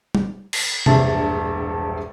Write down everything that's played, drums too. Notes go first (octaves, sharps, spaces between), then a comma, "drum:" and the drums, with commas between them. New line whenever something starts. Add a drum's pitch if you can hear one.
drum: tom G3
drum: cymbal
E1 A#1 G2 E5 A5 A6, drum: tom C3